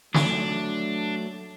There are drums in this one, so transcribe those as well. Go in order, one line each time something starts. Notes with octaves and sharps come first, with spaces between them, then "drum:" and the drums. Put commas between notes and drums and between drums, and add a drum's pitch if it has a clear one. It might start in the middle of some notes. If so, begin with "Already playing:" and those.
F#3 A3 D4, drum: snare